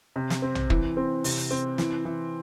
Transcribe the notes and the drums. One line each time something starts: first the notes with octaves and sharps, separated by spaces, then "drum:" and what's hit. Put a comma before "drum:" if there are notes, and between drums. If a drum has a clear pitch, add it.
C3
drum: snare
C4
drum: tom A#1
E3, drum: kick
C4
C3, drum: open hi-hat
C4
E3, drum: snare
E3